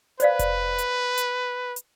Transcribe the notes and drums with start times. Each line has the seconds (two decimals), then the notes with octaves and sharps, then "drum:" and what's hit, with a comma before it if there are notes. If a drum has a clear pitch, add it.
0.20 B4 C5 D5 F5, drum: hi-hat
0.39 drum: kick F1, hi-hat
0.78 drum: hi-hat
1.18 drum: hi-hat
1.76 drum: hi-hat